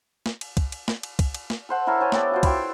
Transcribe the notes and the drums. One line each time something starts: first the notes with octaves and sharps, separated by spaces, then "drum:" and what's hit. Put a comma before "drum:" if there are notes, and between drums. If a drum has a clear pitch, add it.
drum: snare
drum: cymbal
drum: kick, cymbal
drum: cymbal
drum: snare
drum: cymbal
drum: kick, cymbal
drum: cymbal
drum: snare
A4 C5 F#5
E4 A4 A#4 C#5
A4 C5 C#5 G#5
B3 G4 A4 D5, drum: snare
F4 F#4 C5
E4 F#4 C5 G5, drum: kick, cymbal